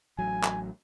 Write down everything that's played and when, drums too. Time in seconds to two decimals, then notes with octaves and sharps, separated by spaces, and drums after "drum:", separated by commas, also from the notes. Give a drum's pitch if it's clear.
0.18 A1 F#3 G#5
0.44 drum: clap